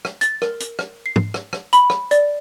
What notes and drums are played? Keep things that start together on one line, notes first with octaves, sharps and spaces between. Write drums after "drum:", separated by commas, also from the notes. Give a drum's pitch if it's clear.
drum: rim click
A6, drum: hi-hat
A#4, drum: rim click
drum: hi-hat
drum: rim click
C7
drum: tom
drum: rim click
drum: rim click
B5, drum: hi-hat
drum: rim click
D5, drum: hi-hat